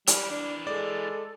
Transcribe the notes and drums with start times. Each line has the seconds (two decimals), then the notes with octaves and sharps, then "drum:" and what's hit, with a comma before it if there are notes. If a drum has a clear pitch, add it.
0.07 E3 G3 A#4, drum: hi-hat
0.30 D4
0.67 G#3 A4 D5